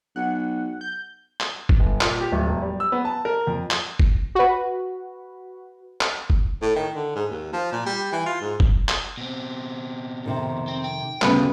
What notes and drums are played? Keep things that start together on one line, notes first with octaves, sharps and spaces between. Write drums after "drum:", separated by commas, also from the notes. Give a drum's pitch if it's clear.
B1 F#5
G6
drum: clap
drum: kick F#1
G1
A#2, drum: clap
G4
D1
E1
G3
E6
B3
A5
A#4
F2
drum: clap
drum: kick F#1
F#4 B4
drum: clap
drum: kick F#1
A2
D#3
D3
G#2
D#2
F3
A#2
G3
E3
F4
G#2
drum: kick F#1
drum: clap
B2 C4
F2 C3 D#3
C4
G5
D2 G2 C#3 B3 B4, drum: clap